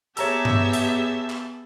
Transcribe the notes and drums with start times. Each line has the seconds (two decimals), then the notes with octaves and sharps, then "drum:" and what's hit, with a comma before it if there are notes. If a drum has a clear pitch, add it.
0.17 B3 G4 G#4 C#5 E5 A5 A#5 E6, drum: hi-hat
0.45 drum: tom G2
0.73 drum: hi-hat
1.30 drum: clap